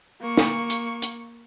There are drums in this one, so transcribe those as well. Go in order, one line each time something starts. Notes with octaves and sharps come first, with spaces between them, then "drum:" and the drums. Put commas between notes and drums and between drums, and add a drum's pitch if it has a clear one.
A#3 C#6
drum: snare
drum: hi-hat
drum: hi-hat